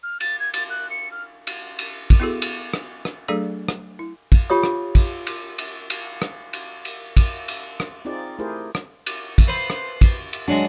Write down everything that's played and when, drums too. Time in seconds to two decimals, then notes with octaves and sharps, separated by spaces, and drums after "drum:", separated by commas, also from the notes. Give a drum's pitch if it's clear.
0.03 F6
0.20 A6, drum: cymbal
0.40 G#6
0.54 A6, drum: cymbal
0.70 F#6
0.91 C#7
1.11 F6
1.47 drum: cymbal
1.79 drum: cymbal
2.10 drum: kick, cymbal
2.20 B3 E4 F#4 G#4 A4
2.42 drum: cymbal
2.74 drum: rim click
3.05 drum: rim click
3.28 F#3 A3 D4 G#4 A4 D5
3.68 drum: rim click
3.99 E4
4.32 drum: kick, cymbal
4.50 F4 G4 C#5 D#6
4.63 drum: rim click
4.95 drum: kick, cymbal
5.27 drum: cymbal
5.58 drum: cymbal
5.90 drum: cymbal
6.22 drum: rim click
6.53 drum: cymbal
6.85 drum: cymbal
7.17 drum: kick, cymbal
7.48 drum: cymbal
7.80 drum: rim click
8.05 C4 D#4 F4 G#4 D5
8.39 A3 E4 G4 G#4 A#4 C5
8.75 drum: rim click
9.06 drum: cymbal
9.38 drum: kick, cymbal
9.48 B4 C5
9.70 drum: rim click
10.01 drum: kick, cymbal
10.33 drum: cymbal
10.48 F#3 G#3 D4